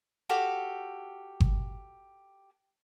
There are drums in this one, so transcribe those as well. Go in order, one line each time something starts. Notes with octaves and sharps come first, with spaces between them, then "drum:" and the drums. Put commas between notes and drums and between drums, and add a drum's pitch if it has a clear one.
F#4 G4 A4 F5
drum: kick G1